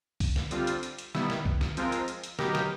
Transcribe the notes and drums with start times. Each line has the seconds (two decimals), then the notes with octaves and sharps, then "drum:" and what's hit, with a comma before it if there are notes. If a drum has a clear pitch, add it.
0.20 drum: kick C2, open hi-hat
0.36 drum: snare
0.51 D3 G3 C4 F4, drum: hi-hat
0.67 drum: hi-hat
0.83 drum: hi-hat
0.98 drum: hi-hat
1.15 D#3 G3 B3 E4, drum: snare
1.30 drum: snare
1.45 drum: kick C2
1.61 drum: snare
1.77 F3 G#3 C4 F4 A#4, drum: hi-hat
1.92 drum: hi-hat
2.08 drum: hi-hat
2.24 drum: hi-hat
2.39 F#3 B3 D#4 G4 A#4, drum: snare
2.55 drum: snare